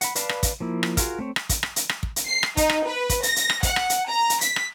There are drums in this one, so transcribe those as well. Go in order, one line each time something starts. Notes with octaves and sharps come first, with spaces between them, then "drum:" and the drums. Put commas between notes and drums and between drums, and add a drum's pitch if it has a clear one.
F#5 B5, drum: hi-hat
B4 D5 F5 A5 B5, drum: hi-hat
drum: rim click
drum: kick, hi-hat
F3 A#3 E4
drum: rim click
F4 F#4 G#4 A#4 F5, drum: kick, hi-hat
A3 C4 C#5
drum: rim click
drum: kick, hi-hat
drum: rim click
drum: hi-hat
drum: rim click
drum: kick
drum: hi-hat
C7
drum: rim click
D#4, drum: kick, hi-hat
drum: rim click
B4
drum: kick, hi-hat
A#6, drum: hi-hat
drum: hi-hat
drum: rim click
F#5, drum: kick, hi-hat
drum: rim click
drum: hi-hat
A#5
drum: hi-hat
B6, drum: hi-hat
drum: rim click